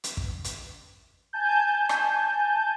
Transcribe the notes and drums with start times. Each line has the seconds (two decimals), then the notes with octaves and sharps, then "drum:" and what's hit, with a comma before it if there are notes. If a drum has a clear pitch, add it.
0.04 drum: hi-hat
0.17 drum: kick
0.44 drum: hi-hat
1.33 G#5 A5 G6
1.89 drum: rim click